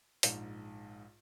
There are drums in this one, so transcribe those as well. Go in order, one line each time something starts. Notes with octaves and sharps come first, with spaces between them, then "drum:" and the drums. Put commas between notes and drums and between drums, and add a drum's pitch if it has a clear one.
A#1 G#2, drum: open hi-hat